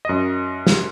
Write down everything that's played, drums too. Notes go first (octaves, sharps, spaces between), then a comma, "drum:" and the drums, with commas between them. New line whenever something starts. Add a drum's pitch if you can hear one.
F#2 D#5
drum: snare